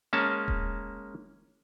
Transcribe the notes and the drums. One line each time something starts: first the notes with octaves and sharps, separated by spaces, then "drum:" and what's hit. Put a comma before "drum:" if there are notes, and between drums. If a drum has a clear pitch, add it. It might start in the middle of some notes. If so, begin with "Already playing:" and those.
G#3 A#3 C#4 A5
drum: kick D#1